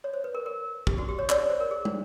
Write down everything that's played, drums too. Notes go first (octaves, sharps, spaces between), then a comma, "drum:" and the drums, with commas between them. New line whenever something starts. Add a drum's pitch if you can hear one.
C#5
C5
B4
A#4
A#4
G4, drum: kick
F#4
G4
C#5
D5, drum: clap
C#5
C5
A#4
G#4
drum: tom